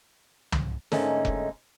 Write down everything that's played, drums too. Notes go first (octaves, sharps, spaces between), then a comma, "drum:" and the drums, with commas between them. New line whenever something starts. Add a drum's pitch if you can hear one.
drum: tom
G#2 D3 A3 A#3 C#4 D#4, drum: snare
drum: kick F1